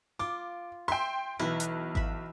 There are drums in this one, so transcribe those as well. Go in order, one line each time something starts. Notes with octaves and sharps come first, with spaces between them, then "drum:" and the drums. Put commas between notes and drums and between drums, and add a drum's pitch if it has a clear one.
F4 D6
E5 G5 C6
B1 E3 E4
drum: hi-hat
E5 B5, drum: kick G#1